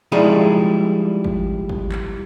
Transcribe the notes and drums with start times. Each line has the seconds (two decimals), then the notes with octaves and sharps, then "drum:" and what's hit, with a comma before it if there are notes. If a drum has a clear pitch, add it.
0.12 F3 G3 G#3 D#4 E4 G#4
1.24 drum: kick G#1
1.69 drum: kick G#1
1.92 drum: clap